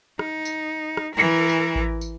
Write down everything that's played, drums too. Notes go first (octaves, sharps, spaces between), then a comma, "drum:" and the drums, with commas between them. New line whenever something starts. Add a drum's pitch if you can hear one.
D#4, drum: rim click
drum: tambourine
drum: rim click
E3 A#4
drum: tambourine
drum: kick A1
drum: tambourine